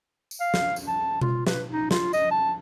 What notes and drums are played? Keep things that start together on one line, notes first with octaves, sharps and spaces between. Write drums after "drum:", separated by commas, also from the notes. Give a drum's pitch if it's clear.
drum: tambourine
F5
drum: snare
drum: tambourine
A5
F4, drum: tom B2
B4, drum: snare
D#4
F4, drum: snare
D#5, drum: tambourine
A5